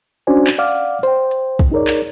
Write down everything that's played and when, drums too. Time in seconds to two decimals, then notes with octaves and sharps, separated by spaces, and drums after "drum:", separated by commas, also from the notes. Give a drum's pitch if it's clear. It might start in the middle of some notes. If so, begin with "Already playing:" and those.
0.27 C#4 D4 F#4 C5 D5 G#5
0.47 drum: clap
0.59 D5 F5 F#5 D6 F6
0.75 drum: hi-hat
1.03 C5 G5, drum: hi-hat
1.31 drum: hi-hat
1.59 drum: kick, hi-hat
1.72 D#4 G#4 A#4 C#5 D5
1.87 drum: clap